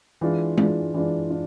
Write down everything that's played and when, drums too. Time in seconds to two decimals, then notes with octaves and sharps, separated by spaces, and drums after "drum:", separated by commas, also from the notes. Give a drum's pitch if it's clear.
0.21 E3 G#3 D4 F4
0.58 E3 G#3 D4 F4, drum: tom G#3
0.94 E3 G#3 D4 F4
1.30 D4 F4